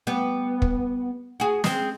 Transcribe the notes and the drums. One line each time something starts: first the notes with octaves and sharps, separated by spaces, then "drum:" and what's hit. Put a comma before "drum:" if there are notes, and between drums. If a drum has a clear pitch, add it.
G3 B3
drum: kick
F#4 G#4
G#3 C4, drum: snare